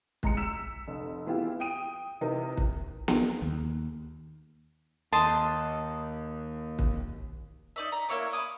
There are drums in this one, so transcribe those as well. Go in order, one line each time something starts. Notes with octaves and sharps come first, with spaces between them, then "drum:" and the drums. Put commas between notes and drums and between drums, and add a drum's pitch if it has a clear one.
G#3 A#5 C#7, drum: kick
E6 B6 E7
F1
E3 B3 E4 F4 G4 G#4
G5 D#6 D7 D#7
C3 E3 D#4 A#4
drum: kick
drum: snare
D#2
D#2 D#5 A5 C6, drum: hi-hat
drum: kick
D#4 D5 E5
A#5
A#3 E4 C#5 D6
B5 D6 D#6